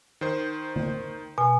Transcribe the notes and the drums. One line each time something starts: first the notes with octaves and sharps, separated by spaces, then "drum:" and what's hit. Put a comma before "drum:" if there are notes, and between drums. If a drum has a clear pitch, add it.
D#3 C5
drum: tom D3
B2 G#5